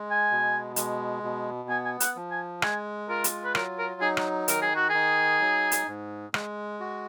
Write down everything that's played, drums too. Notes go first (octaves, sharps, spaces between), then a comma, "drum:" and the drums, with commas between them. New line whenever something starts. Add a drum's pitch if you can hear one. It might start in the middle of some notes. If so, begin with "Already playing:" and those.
Already playing: G#3
G#5
B2
G#3, drum: hi-hat
B2
B3 G#5
G#5
F#5, drum: hi-hat
F3
G#5
G#3 G#5, drum: rim click
F4 A#4
drum: hi-hat
B4
F#3 A#4, drum: rim click
A#4
D#4 G#4
drum: rim click
D#3 A#4, drum: hi-hat
G#4
F#4
D#4 G#4
F#3
drum: hi-hat
G#2
G#3, drum: rim click
F#4